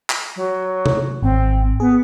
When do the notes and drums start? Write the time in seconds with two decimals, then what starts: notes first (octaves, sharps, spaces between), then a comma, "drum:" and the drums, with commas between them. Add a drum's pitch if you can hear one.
0.10 drum: clap
0.36 F#3
0.86 drum: tom
1.22 G#1 C4
1.80 B3 G#4